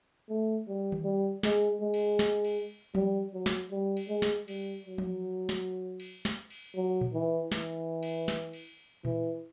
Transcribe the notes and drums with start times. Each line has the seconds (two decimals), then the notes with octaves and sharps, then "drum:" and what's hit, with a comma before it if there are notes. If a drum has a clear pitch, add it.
0.29 A3
0.68 G3
0.92 drum: tom D#3
1.04 G3
1.43 G#3, drum: snare
1.81 G#3
1.94 drum: cymbal
2.19 drum: snare
2.45 drum: cymbal
2.95 G3, drum: tom F3
3.34 F#3
3.46 drum: snare
3.71 G3
3.97 drum: cymbal
4.09 G#3
4.22 drum: snare
4.48 G3, drum: cymbal
4.86 F#3
4.98 drum: tom F3
5.49 drum: snare
6.00 drum: cymbal
6.25 drum: snare
6.50 drum: cymbal
6.76 F#3
7.01 drum: tom A#2
7.14 E3
7.52 E3, drum: snare
8.03 drum: cymbal
8.28 drum: snare
8.53 drum: cymbal
9.05 E3, drum: tom A#2